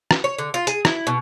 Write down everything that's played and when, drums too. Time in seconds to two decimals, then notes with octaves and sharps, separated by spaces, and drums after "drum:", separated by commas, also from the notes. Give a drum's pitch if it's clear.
0.11 drum: rim click
0.24 C#5
0.38 D3
0.54 F4
0.67 G#4, drum: hi-hat
0.85 E4, drum: rim click
1.07 B2